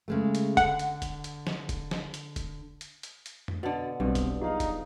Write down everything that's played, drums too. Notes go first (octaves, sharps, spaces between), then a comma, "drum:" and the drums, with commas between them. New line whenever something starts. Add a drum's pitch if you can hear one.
C#3 G#3 A3
drum: hi-hat
D3 F#5, drum: kick E1, hi-hat
drum: hi-hat
drum: kick E1, hi-hat
drum: hi-hat
drum: snare
drum: kick E1, hi-hat
drum: snare
drum: hi-hat
drum: kick E1, hi-hat
drum: hi-hat
drum: hi-hat
drum: hi-hat
drum: tom F2
B2 D3 F#4 A5
B1 G2 B2 F#3 G3 C4
drum: kick E1, hi-hat
F#3 G3 D#4 F4 G#4 F5
drum: kick E1, hi-hat